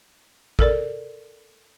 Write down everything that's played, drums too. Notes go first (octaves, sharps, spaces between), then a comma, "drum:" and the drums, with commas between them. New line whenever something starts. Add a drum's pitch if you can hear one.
A4 A#4 D5, drum: kick